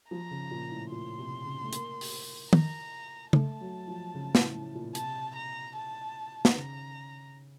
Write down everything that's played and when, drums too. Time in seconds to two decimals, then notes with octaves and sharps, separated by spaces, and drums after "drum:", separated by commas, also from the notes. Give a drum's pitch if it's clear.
0.11 F3 A#5
0.31 C#3
0.51 A#2
0.71 A2
0.91 A#2 C6
1.18 C3
1.45 C#3
1.64 A3
1.73 A#3, drum: hi-hat
2.01 drum: open hi-hat
2.53 A#5, drum: tom
3.33 A3 A5, drum: tom C#3
3.60 F#3
3.88 F3
4.14 C#3
4.35 A2, drum: snare
4.55 A2
4.75 A#2
4.95 C3 A5, drum: hi-hat
5.35 A#5
5.76 A5
6.45 D#3, drum: snare
6.56 C#3 A#5